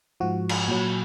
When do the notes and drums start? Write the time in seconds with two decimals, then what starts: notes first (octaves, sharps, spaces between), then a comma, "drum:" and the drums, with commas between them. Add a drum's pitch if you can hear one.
0.20 G#2 F3 F#4
0.49 drum: cymbal
0.68 A#2 F#3